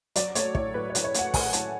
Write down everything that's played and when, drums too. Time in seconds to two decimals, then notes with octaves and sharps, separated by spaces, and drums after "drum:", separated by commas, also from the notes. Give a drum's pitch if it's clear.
0.16 F#3 D5, drum: hi-hat
0.35 A3 C#5, drum: hi-hat
0.55 A2 C#5, drum: kick
0.74 A2 B4
0.90 C#5
0.95 F#3, drum: hi-hat
1.04 C#5
1.14 A3 F#5, drum: hi-hat
1.34 A2 G#5, drum: kick, open hi-hat
1.53 A2 A5, drum: hi-hat